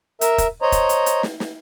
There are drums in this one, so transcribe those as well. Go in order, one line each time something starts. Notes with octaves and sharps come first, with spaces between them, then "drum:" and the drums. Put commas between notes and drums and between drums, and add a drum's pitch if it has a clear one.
A#4 E5, drum: hi-hat
drum: kick, hi-hat
C5 C#5 D#5 A#5
drum: kick, hi-hat
drum: hi-hat
drum: hi-hat
drum: snare
drum: snare